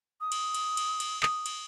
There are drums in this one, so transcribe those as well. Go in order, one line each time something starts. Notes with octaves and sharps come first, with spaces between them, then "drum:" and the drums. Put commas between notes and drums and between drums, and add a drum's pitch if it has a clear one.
D#6
drum: cymbal
drum: cymbal
drum: cymbal
drum: cymbal
D#6, drum: clap
drum: cymbal